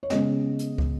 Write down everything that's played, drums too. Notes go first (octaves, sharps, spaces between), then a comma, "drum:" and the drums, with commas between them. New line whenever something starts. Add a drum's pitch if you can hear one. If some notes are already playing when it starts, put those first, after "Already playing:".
C#5
C#3 G#3 B3 D#5, drum: snare
drum: hi-hat
drum: kick